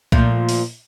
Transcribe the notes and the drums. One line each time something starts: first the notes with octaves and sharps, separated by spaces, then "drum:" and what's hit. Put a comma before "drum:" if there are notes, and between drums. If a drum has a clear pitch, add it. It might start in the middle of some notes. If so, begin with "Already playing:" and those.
A#2 F3 A3, drum: kick B1
drum: open hi-hat